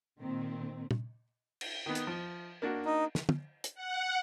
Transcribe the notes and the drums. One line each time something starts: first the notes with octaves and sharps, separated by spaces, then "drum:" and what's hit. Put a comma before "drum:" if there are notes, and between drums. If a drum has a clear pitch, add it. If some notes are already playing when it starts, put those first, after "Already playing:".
A#2 D#3 C4
drum: tom
drum: cymbal
D#3 B3
drum: hi-hat
F3
A#3 D4 F#4
D#4
drum: snare
drum: tom
drum: hi-hat
F#5